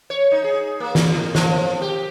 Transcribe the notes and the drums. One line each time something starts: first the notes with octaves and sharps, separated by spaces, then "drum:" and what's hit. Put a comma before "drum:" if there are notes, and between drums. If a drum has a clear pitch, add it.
C#5
D#4
G#4
A#3
drum: snare
A2
F3, drum: snare
G4